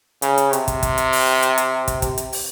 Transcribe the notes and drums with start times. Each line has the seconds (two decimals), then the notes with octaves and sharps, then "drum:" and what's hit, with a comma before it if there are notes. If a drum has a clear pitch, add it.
0.22 C#3, drum: hi-hat
0.38 drum: hi-hat
0.53 C3, drum: hi-hat
0.68 drum: kick, hi-hat
0.83 drum: kick, hi-hat
0.98 drum: hi-hat
1.13 drum: open hi-hat
1.43 drum: hi-hat
1.58 drum: hi-hat
1.88 drum: kick, hi-hat
2.02 C3, drum: kick, hi-hat
2.18 drum: hi-hat
2.33 drum: open hi-hat